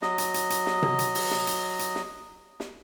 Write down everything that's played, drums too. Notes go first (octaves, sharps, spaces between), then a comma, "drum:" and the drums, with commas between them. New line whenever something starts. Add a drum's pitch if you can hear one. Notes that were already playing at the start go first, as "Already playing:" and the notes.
F#3 D#5, drum: snare
drum: hi-hat
drum: hi-hat
drum: hi-hat
drum: snare
drum: tom C3
drum: hi-hat
drum: open hi-hat
drum: snare
drum: hi-hat
drum: hi-hat
drum: snare
drum: snare